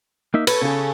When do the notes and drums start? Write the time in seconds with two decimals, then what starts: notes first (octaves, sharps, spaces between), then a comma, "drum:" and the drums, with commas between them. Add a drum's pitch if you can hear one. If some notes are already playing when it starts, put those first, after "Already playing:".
0.34 A#3 D#4 E5
0.47 A4 B4 C#5, drum: cymbal
0.61 C#3 G#4